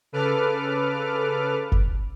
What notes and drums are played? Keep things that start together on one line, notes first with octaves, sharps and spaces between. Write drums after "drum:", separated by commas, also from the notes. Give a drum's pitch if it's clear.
C#3 A4 B4 D6 F6
drum: kick